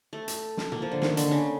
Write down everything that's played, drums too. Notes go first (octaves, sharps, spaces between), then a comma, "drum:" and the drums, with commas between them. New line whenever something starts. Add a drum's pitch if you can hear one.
A3
drum: hi-hat
drum: snare
A#3, drum: tom
F3
D3
D#3, drum: snare
D3, drum: hi-hat
C#3